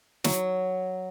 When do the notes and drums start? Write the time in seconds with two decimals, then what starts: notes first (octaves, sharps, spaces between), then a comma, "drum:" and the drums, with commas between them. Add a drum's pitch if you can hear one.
0.24 F#3, drum: snare